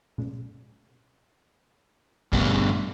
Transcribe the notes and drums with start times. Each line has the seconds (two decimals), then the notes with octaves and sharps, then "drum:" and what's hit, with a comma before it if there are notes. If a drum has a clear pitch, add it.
0.18 drum: tom A#2
2.33 G2 B2, drum: kick G#1